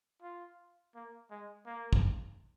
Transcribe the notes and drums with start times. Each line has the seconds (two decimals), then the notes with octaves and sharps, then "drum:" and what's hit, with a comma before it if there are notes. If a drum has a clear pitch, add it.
0.22 F4
0.95 A#3
1.31 G#3
1.66 A#3
1.93 drum: kick